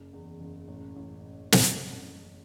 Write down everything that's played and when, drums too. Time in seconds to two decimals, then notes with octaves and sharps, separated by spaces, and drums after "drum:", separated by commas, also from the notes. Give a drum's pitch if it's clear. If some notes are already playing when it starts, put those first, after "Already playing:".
Already playing: F#1
0.13 E2
0.40 F#1
0.68 A1
0.96 A1
1.52 drum: snare